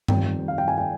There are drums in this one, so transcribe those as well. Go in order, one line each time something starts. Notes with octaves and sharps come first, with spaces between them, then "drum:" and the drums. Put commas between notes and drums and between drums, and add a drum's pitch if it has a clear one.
F2 D#3 G3 G5, drum: tom G2
F5
G5
G#5
G5